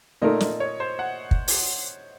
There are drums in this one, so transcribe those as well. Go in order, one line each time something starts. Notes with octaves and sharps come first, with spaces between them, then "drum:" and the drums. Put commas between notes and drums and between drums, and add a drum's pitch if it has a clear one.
A#2 A3 D#4 A#4 D#5
D#5, drum: snare
C#5
C5
F#5
drum: kick
drum: open hi-hat